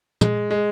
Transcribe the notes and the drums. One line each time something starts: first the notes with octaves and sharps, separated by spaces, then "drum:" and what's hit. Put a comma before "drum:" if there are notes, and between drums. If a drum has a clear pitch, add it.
G#3, drum: tom
G#3